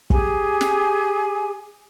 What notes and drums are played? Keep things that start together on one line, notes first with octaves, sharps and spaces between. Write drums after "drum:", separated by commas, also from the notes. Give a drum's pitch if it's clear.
G4 G#4 G#5, drum: kick
drum: snare